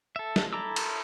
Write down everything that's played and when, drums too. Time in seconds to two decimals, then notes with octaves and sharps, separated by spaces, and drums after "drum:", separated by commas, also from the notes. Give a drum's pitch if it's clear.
0.16 A4 E5
0.36 drum: snare
0.53 E4 A4 A#5 D6 E6
0.76 drum: cymbal